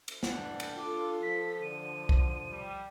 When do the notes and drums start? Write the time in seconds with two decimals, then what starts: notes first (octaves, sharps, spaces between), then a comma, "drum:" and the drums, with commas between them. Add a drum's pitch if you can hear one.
0.08 drum: cymbal
0.23 E3 G3 D4 F#5, drum: snare
0.60 drum: cymbal
0.77 F4 A4 D6
1.22 F3 B6
1.61 D3 D#7
2.09 drum: kick B1
2.50 G3